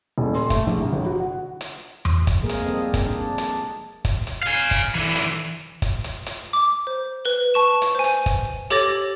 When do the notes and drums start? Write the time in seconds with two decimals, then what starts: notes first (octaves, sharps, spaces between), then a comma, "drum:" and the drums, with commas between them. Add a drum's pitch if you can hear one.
0.18 D#1
0.34 C6
0.50 A3, drum: kick, hi-hat
0.67 A#1
0.81 C2
0.93 G1
1.06 F#4
1.20 F#5
1.61 drum: hi-hat
2.05 drum: tom E2
2.27 drum: kick, hi-hat
2.40 C3 F3 G#3 A#3 G#4 A#4
2.49 drum: hi-hat
2.65 G3 A#3 C4 A4 D#5
2.94 drum: kick, hi-hat
3.07 D4
3.38 drum: hi-hat
4.05 drum: kick, hi-hat
4.27 drum: hi-hat
4.43 F5 G#5
4.71 drum: kick, hi-hat
4.95 D3 E3
5.16 drum: hi-hat
5.82 drum: kick, hi-hat
6.04 drum: hi-hat
6.26 drum: hi-hat
6.53 D6
6.87 C5
7.25 B4 G7
7.54 A5 C#6 E7
7.82 drum: hi-hat
7.95 C5 G#5
8.04 drum: hi-hat
8.26 drum: kick, hi-hat
8.70 G4 A4 C#5 D6 A6 A#6, drum: hi-hat